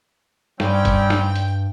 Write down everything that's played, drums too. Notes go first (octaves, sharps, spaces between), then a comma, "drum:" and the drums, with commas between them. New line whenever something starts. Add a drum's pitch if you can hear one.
C2 G2 G3 C4 C#4 G5, drum: snare
drum: kick, hi-hat
drum: snare
drum: hi-hat